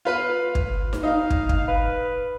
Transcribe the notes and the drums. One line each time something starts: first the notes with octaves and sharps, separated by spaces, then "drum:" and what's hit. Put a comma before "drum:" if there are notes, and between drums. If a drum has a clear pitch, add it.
F4 B4 F5
drum: kick
drum: snare D#4
D#4 F5
drum: kick
drum: kick
B4